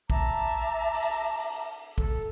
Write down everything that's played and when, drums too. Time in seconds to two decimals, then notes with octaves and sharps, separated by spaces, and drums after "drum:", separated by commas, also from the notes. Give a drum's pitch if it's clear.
0.10 E5 A5 A#5 D6, drum: kick A1
0.94 drum: open hi-hat
1.39 drum: open hi-hat
1.98 A4, drum: kick A1